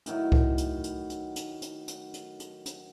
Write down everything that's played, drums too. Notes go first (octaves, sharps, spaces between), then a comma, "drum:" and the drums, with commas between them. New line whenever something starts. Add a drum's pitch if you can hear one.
A2 D#3 F#3, drum: hi-hat
drum: kick C2
drum: hi-hat
drum: hi-hat
drum: hi-hat
drum: hi-hat
drum: hi-hat
drum: hi-hat
drum: hi-hat
drum: hi-hat
drum: hi-hat